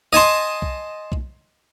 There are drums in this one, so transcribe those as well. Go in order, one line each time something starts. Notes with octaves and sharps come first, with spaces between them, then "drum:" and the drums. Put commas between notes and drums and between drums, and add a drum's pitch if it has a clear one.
D#5 G#5 A5 C6
drum: kick B1
drum: kick B1